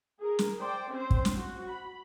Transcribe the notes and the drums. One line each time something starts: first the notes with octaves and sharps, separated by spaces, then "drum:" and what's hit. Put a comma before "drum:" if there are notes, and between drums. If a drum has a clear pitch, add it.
G#4 A#4
drum: snare
C5 D5 G5
C4 C#4 C5
drum: kick
drum: snare
F#4
B5